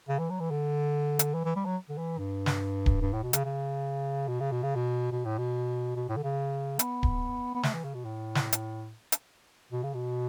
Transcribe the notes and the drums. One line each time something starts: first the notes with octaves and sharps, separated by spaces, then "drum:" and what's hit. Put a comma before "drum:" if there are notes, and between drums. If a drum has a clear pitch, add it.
C#3
E3
F#3
E3
D3
drum: hi-hat
E3
E3
G3
F#3
D3
E3
G2
drum: snare
drum: kick D1
G2
A2
B2
C#3, drum: hi-hat
C#3
B2
C#3
B2
C#3
B2
B2
A2
B2
B2
A2
D3
C#3
B3, drum: hi-hat
drum: kick D1
B3
A3, drum: snare
E3
C#3
B2
A2
drum: snare
drum: hi-hat
drum: hi-hat
B2
C#3
B2